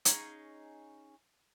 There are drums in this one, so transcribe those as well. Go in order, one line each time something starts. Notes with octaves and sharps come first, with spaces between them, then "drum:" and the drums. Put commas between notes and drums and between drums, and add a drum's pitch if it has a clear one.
C#4 D#4 G#4 F5, drum: hi-hat